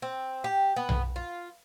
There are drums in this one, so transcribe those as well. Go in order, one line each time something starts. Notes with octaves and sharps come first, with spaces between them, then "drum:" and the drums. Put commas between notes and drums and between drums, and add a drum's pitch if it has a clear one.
C4
G4
B3
drum: tom B1
F4